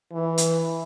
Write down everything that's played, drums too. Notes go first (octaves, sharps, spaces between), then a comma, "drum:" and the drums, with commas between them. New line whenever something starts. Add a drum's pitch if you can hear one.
E3
drum: hi-hat